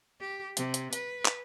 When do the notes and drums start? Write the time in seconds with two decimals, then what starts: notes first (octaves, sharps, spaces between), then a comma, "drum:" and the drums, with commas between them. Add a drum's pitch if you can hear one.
0.20 G4
0.57 C3, drum: hi-hat
0.74 drum: hi-hat
0.93 B4, drum: hi-hat
1.25 drum: clap